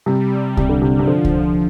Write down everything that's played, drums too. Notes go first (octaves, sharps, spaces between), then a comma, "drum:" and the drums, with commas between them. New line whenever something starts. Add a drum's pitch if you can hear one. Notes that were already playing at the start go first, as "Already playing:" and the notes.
C3 G3
C3, drum: kick C2
D3
C3
C3
D3 F3
drum: kick C2